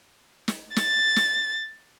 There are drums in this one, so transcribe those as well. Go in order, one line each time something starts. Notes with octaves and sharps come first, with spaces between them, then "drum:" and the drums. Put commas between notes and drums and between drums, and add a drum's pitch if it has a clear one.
drum: snare
A6, drum: snare
drum: snare